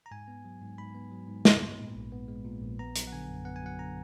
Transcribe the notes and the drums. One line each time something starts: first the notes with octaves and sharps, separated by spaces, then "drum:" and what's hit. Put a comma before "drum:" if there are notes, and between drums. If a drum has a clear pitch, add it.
A#5
G#2 G#5
B3
F#3
G#2
G#2 B5
B3
F#3
G#2
B3, drum: snare
G#3
A#2
A#1
B3
G#3
A#2
A#1
B3 A#5
F#3, drum: hi-hat
F#5
D3 G#5
F#2
B3 F#5
G#5
F#3 F#5
D3 A#5